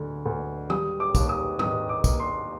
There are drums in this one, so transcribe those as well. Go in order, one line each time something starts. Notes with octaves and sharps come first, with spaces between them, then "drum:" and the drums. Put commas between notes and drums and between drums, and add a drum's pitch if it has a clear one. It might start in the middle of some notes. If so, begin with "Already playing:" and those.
Already playing: D2 D3
D2
G3 D#6, drum: tom D#3
D6
D#2, drum: kick, tambourine
D#6
D#3 D#6, drum: tom G#2
D6
A#3, drum: kick, tambourine
C6